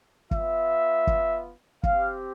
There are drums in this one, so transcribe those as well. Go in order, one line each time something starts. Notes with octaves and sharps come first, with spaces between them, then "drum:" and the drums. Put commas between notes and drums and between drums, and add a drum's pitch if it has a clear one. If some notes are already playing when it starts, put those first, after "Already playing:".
B3 F4 E5, drum: kick
drum: kick
C4 G4 F5, drum: kick